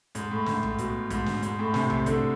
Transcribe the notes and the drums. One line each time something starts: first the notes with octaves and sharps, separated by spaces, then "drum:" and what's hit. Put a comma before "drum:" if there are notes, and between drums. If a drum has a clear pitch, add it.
G#2, drum: hi-hat
A2
G#2, drum: snare
A2, drum: kick
B2, drum: kick, hi-hat
G#2, drum: kick, hi-hat
drum: snare
G#2, drum: hi-hat
A2
C3, drum: snare
C3, drum: kick
D3, drum: kick, hi-hat